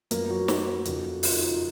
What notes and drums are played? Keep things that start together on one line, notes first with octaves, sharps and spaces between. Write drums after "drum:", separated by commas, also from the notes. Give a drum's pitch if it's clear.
F#2 F3 A#3 B3 A#4, drum: hi-hat
F#3 F#4
drum: snare
F2 C#3 F3, drum: hi-hat
F4, drum: open hi-hat
D#4
F4
D#4